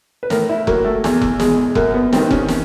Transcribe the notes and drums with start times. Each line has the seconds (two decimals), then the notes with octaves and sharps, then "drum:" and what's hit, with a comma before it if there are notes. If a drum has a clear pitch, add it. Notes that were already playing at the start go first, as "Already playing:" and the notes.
0.23 B4
0.30 A2 A#4, drum: snare
0.49 E4
0.67 F#3 A#3, drum: kick F1
0.85 A3
1.04 E2, drum: snare
1.21 drum: kick F1
1.40 B2 G#3, drum: snare
1.75 F#2 A#3, drum: kick F1
1.94 B3
2.13 D#3 G3 C4, drum: snare
2.31 C#4, drum: kick F1
2.48 drum: snare